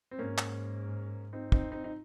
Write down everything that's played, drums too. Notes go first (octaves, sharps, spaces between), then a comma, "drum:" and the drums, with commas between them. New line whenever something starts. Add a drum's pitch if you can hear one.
C4
G#2 A#3 C#4
drum: clap
C4 D#4
C4 D#4, drum: kick
C4 D#4
D#4